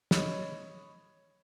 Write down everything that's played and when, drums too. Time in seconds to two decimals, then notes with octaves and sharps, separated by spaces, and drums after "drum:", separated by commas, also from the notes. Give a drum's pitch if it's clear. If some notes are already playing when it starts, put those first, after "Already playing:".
0.11 C#5 D#5 B5, drum: snare